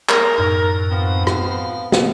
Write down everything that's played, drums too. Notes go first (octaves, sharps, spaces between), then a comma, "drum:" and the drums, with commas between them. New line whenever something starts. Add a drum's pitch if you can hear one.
A#4, drum: clap
F#2 A2 D#4
F3 B3 C4
F5, drum: rim click
drum: snare